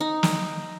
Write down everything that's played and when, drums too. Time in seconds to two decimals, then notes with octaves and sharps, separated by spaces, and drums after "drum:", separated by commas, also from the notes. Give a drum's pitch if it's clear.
0.01 D#4
0.23 drum: snare